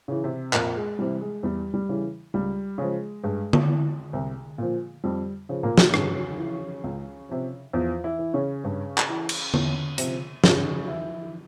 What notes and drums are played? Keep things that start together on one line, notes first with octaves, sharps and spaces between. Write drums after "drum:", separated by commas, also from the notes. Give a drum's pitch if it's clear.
C#3 E3
C3 C4
F2 A#2 A#3, drum: clap
G#3
C3 E3 G3
G#3
E2 G3
G3
C#3 E3
C#2 G3
C#3 F3 G#3
G2 G#3
drum: tom D3
E3
C2
A#2 F3
F2 G3
C#3 F3
A#2 A#3
drum: snare
G2 C#3 C#4, drum: rim click
E3
C#2
C3 F3
E2 F3 F4
E3 E4
E3
C#3 C#4
G2
drum: clap
E3
drum: cymbal
E2, drum: tom D3
C3 F3, drum: hi-hat
G2 C#3 C#4, drum: snare
E3 E4